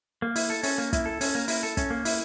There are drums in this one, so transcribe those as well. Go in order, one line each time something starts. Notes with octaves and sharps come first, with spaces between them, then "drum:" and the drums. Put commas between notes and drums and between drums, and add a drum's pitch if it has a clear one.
A#3
E4, drum: open hi-hat
A4
C#4, drum: open hi-hat
A#3
E4, drum: kick, hi-hat
A4
C#4, drum: open hi-hat
A#3
E4, drum: open hi-hat
A4
C#4, drum: kick, hi-hat
A#3
E4, drum: open hi-hat